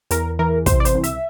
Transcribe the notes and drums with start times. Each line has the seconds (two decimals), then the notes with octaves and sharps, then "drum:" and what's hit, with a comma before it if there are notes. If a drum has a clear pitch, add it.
0.11 E2 A#4, drum: hi-hat
0.39 E3 A#4
0.66 C3 C5, drum: kick, hi-hat
0.80 D5
0.85 C5, drum: hi-hat
0.95 C2
1.04 E5, drum: hi-hat